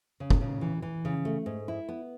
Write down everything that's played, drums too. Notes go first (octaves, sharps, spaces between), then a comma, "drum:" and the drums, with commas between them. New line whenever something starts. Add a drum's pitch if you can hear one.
C#3
drum: kick
C#3
E3
E3
C#3
A3
G#2
E4
B3